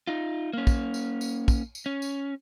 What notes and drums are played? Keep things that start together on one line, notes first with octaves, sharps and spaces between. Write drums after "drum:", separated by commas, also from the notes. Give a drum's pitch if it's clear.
D#4 F4
A#3 C#4
drum: kick, tambourine
drum: tambourine
drum: tambourine
drum: kick, tambourine
drum: tambourine
C#4
drum: tambourine